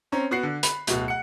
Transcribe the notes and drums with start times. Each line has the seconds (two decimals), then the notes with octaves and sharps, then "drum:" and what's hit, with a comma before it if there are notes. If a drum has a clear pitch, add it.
0.12 C4 C#4 A#5
0.31 B3 F#4 F#6 C7
0.43 D3
0.63 B5, drum: hi-hat
0.87 D1 B2, drum: hi-hat
1.08 F#5 C#7